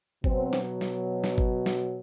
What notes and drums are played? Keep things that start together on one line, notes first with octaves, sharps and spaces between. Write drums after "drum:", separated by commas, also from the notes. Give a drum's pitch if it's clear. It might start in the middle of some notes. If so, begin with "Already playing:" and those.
B2 F#3 C4, drum: kick G1
drum: snare
drum: snare
drum: snare
drum: kick G1
drum: snare